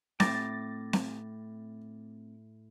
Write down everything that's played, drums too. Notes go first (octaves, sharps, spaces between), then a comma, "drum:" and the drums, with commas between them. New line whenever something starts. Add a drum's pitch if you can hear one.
A2 A3 C4 G5 D6 A6 A#6, drum: snare C4
drum: snare C4